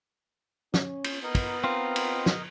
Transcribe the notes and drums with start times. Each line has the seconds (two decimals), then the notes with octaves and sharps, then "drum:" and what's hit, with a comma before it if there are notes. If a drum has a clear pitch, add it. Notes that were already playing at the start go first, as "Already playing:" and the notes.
0.74 C#4, drum: snare
1.04 drum: cymbal
1.23 B3 D#4 A#4 D#5
1.35 drum: kick, cymbal
1.64 C4 F4
1.96 drum: cymbal
2.26 drum: snare